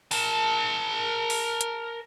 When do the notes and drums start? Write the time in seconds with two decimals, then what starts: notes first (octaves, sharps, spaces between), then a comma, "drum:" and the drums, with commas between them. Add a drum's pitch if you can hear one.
0.11 A#4 A5, drum: open hi-hat
1.30 drum: open hi-hat
1.61 drum: hi-hat